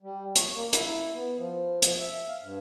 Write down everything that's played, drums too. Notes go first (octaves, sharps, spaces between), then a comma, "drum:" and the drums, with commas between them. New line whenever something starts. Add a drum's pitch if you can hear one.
G3
C#5, drum: hi-hat
A#3
E4, drum: hi-hat
B3
F3
F3, drum: hi-hat
E5
F5
G2